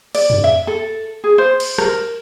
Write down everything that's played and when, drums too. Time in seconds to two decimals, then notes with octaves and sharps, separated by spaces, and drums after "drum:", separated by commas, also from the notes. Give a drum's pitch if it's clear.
0.15 D5, drum: cymbal
0.30 drum: tom
0.44 E5
0.67 A4
1.24 G#4
1.38 C5
1.60 drum: cymbal
1.78 A#4, drum: rim click